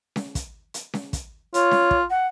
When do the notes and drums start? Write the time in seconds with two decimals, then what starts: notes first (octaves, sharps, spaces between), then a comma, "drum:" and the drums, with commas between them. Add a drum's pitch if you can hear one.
0.16 drum: snare C#4
0.35 drum: kick, hi-hat
0.74 drum: hi-hat
0.94 drum: snare C#4
1.13 drum: kick, hi-hat
1.54 F4 C#5, drum: hi-hat
1.71 drum: snare C#4
1.91 drum: kick
2.10 F#5